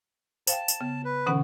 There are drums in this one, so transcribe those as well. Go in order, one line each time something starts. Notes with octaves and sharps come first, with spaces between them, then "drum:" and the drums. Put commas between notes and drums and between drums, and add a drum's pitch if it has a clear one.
C5 F5 G5 A5, drum: tambourine
drum: tambourine
C#3 B3
B4
B2 D3 E3 C#4 F#5